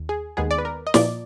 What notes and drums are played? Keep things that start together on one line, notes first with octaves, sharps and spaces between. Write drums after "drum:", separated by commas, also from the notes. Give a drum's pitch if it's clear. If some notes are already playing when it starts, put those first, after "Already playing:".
Already playing: D#2
G#4
D#2 D#3 G#3 B3 G#4
D5
B4
A#4
D#5
A#2 F3 A#3 D5, drum: snare